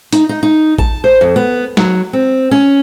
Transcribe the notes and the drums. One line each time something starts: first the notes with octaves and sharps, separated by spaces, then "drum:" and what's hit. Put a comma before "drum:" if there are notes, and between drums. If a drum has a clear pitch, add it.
D#4, drum: hi-hat
D#4
D#4
A5, drum: kick A1
C5
F2
B3
F#3, drum: snare
C4
C#4